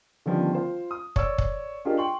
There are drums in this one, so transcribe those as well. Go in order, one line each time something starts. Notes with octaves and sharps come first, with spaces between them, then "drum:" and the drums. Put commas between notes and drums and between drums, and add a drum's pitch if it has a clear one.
D3 D#3 F3 G3 B3 C#4
F4 C5
D#6
C#5 D5 E6, drum: kick
drum: kick
D4 F4 G4 G#4 A#4 D#5
G5 C6 C#6 F#7